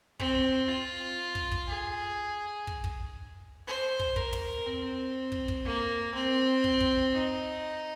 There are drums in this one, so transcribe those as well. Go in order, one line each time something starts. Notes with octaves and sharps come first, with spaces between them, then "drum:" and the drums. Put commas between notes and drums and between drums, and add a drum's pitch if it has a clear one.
C4, drum: kick
F4
drum: kick
drum: kick
G#4
drum: kick
drum: kick
C5
drum: kick
A#4, drum: kick
drum: tom
C4
drum: kick
drum: kick
A#3
C4
drum: kick
drum: kick
D#4